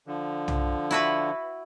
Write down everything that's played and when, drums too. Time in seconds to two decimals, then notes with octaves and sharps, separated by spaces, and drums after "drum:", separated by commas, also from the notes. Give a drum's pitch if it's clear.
0.07 D3 F3
0.48 drum: tom
0.91 E4 F#4 B4